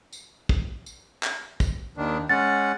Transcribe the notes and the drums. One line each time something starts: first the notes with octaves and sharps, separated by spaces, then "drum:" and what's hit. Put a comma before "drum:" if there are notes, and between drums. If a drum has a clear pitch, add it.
drum: tambourine
drum: kick
drum: tambourine
drum: clap
drum: kick, tambourine
D#2 D#3 D4
G#3 C#4 F#5 A6